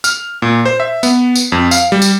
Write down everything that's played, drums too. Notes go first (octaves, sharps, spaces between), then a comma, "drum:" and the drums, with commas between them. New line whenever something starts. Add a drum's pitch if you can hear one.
F6, drum: tambourine
A#2
C5
E5
B3, drum: tambourine
drum: tambourine
F2
F5, drum: tambourine
G3
drum: tambourine